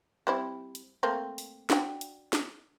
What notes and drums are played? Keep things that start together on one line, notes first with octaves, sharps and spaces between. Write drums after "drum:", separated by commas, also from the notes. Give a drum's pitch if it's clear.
G3 C4 E4
drum: hi-hat
A3 A#3 C4
drum: open hi-hat
D4 F#4 G5, drum: snare
drum: hi-hat
drum: snare